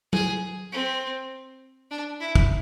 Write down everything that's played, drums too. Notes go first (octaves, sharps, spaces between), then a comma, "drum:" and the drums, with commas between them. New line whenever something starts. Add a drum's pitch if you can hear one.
G#4, drum: tom F#3
C4
D4
E4
drum: kick